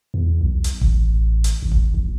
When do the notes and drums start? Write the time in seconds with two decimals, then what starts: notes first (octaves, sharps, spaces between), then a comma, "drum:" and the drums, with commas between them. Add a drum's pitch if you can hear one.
0.14 E2
0.41 B1
0.64 drum: hi-hat
0.81 A1, drum: kick D#1
1.44 drum: hi-hat
1.62 A1
1.72 drum: kick D#1
1.94 A#1